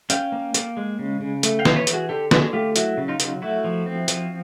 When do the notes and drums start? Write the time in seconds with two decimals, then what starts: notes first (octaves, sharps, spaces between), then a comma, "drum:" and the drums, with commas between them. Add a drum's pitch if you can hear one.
0.10 C#4 F5 G5, drum: hi-hat
0.32 A#3
0.54 A#3, drum: hi-hat
0.77 G#3
0.99 C#3
1.21 C#3
1.43 A3, drum: hi-hat
1.59 F5 G5
1.65 E3, drum: snare
1.76 B4 C#5
1.87 E3, drum: hi-hat
1.93 F#4 G#4
2.09 D3 G4 A4
2.31 D3 F#4 G#4, drum: snare
2.53 A3 F4 G4
2.76 F#3 E4 F#4, drum: hi-hat
2.97 C#3
3.08 D#4 F4
3.20 F#3, drum: hi-hat
3.42 A3 E4 F#4
3.64 F3
3.86 C4
4.08 F3, drum: hi-hat